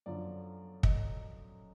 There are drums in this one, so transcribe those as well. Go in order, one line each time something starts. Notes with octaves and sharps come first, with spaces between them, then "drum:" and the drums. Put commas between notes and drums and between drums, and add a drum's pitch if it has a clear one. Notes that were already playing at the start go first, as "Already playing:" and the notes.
F#2 D3 F3 D5
D#5, drum: kick